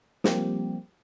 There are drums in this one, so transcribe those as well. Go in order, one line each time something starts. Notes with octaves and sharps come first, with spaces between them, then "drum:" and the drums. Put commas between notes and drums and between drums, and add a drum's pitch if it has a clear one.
F3 G3 A#3 C4 G4, drum: snare